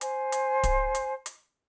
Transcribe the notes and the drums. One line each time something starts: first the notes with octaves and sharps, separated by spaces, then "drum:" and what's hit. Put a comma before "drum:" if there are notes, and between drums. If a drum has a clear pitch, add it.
C5 G#5, drum: hi-hat
drum: hi-hat
drum: kick D1, hi-hat
drum: hi-hat
drum: hi-hat